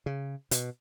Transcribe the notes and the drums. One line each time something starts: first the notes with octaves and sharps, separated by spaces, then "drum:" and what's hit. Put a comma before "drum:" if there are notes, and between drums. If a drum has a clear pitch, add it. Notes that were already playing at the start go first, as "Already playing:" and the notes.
C#3
B2, drum: hi-hat